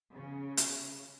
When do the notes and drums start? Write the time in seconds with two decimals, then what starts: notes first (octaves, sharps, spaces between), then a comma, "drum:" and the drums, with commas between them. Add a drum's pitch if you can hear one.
0.13 C#3
0.57 drum: hi-hat